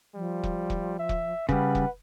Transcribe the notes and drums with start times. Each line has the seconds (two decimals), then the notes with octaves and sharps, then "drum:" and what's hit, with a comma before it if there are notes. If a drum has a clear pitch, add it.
0.15 F3 G3
0.43 drum: kick
0.70 drum: kick
0.99 E5
1.09 drum: kick
1.49 C#3 G3 B4 F#5, drum: kick
1.75 drum: kick